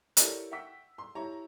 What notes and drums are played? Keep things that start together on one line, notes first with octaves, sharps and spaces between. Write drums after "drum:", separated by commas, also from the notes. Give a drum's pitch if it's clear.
E4 G4 A4 A#4 C#5 D5, drum: hi-hat
E5 F#5 G5 C#6 E6 B6
C6
E4 G4 C#5 A5 A#5